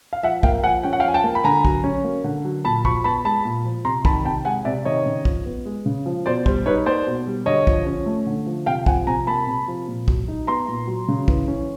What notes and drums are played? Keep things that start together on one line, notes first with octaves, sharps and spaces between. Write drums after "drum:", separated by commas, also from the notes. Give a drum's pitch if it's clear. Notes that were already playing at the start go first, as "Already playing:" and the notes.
F5
F3 E5 F#5
A#3 F5 G5, drum: kick
F3 F#5 G#5
C#4 G5
F#5
F5 G5
F3 G#5
G5 A5
A#3
B5
D3 G#5 A#5
F#3, drum: kick
C#4
A#3
D3
F#3
A#2 A5 B5
F3 B5 C#6, drum: kick
B3 A5 B5
G#3 A5 B5
A#2
F3
C3 A#5 C6
D#3 A5 B5, drum: kick
C3 G5 A5
G#3 F#5 G#5
C3 D5 E5
D#3 C#5 D#5
C#3
F3, drum: kick
B3
G#3
C#3
F3
B2 C5 D5
G3 C5, drum: kick
D#4 B4 C#5
A#3 C5 D5
B2
G3
D3 C#5 D#5
F3, drum: kick
C#4
A3
D3
F3
C3 F5 G5
F3 F#5 G#5, drum: kick
C3 G#5 A#5
A#3 A5 B5
C3
F3
A#2
F#3, drum: kick
D#4
B3 A#5 C6
A#2
F#3
C#3
E3, drum: kick
C#4